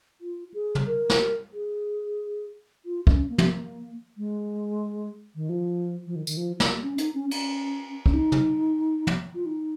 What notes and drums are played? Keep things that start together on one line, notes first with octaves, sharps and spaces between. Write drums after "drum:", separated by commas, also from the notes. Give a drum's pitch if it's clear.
F4
G#4
drum: tom
A#4
drum: snare
G#4
F4
C#4, drum: kick
A#3
drum: tom
G#3
D#3
F3
F3
D#3
D#3, drum: tambourine
F3
A#3, drum: snare
C#4
D#4, drum: hi-hat
C#4
C#4, drum: cymbal
C#4, drum: kick
D#4
drum: tom
drum: tom
F4
D#4